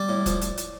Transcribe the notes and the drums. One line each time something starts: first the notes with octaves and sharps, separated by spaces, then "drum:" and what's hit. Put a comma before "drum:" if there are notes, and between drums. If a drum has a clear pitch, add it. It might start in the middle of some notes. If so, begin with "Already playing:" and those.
Already playing: G3 D5
A2
F3, drum: kick, hi-hat
drum: hi-hat
drum: hi-hat